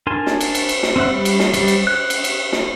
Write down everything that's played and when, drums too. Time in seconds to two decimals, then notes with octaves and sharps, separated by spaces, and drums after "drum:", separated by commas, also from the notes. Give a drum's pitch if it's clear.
0.07 D4 A#4 G#5 A5 C6
0.26 drum: snare
0.41 drum: cymbal
0.55 drum: cymbal
0.69 drum: cymbal
0.83 drum: snare
0.96 C4 C#4 E5 F#5
1.09 G3
1.25 drum: cymbal
1.39 drum: snare
1.54 G3, drum: cymbal
1.68 drum: cymbal
1.87 F#6
2.10 drum: cymbal
2.24 drum: cymbal
2.52 drum: snare